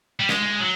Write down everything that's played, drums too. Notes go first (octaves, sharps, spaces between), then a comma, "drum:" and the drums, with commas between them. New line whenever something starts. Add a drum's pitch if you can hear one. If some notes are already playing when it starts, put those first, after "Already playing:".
G3
G#3, drum: snare
F#3